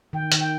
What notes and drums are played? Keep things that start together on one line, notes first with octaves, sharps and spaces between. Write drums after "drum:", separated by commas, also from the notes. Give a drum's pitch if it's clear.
D#3 G5
D#3, drum: hi-hat
G5